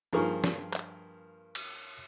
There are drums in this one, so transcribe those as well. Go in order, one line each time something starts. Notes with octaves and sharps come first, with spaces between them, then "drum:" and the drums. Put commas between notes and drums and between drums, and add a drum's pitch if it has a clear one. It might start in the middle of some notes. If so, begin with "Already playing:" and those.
G2 F3 A#3 G#4 A#4 C#6
drum: snare
drum: clap
drum: cymbal